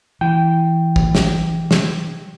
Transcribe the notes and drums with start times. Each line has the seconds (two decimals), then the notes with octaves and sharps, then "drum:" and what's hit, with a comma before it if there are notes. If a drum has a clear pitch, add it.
0.21 E3 G5
0.96 drum: kick A1
1.15 drum: snare
1.71 drum: snare